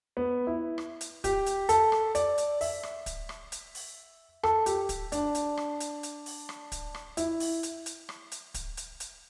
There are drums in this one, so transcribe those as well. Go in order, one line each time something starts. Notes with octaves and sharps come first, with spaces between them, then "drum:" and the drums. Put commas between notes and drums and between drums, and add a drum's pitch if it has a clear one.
B3
E4
drum: rim click
drum: hi-hat
G4, drum: kick, hi-hat
drum: hi-hat
A4, drum: hi-hat
drum: rim click
D5, drum: hi-hat
drum: hi-hat
E5, drum: open hi-hat
drum: rim click
drum: kick, hi-hat
drum: rim click
drum: hi-hat
drum: open hi-hat
A4, drum: rim click
G4, drum: hi-hat
drum: kick, hi-hat
D4, drum: hi-hat
drum: hi-hat
drum: rim click
drum: hi-hat
drum: hi-hat
drum: open hi-hat
drum: rim click
drum: kick, hi-hat
drum: rim click
E4, drum: hi-hat
drum: open hi-hat
drum: hi-hat
drum: hi-hat
drum: rim click
drum: hi-hat
drum: kick, hi-hat
drum: hi-hat
drum: hi-hat